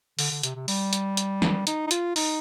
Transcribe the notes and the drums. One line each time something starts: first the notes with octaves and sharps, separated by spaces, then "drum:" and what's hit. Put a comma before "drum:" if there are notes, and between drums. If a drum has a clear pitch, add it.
D3, drum: open hi-hat
D3
C3, drum: hi-hat
C3
G3, drum: open hi-hat
drum: hi-hat
drum: hi-hat
drum: snare
D#4, drum: hi-hat
D#4
F4, drum: hi-hat
D#4, drum: open hi-hat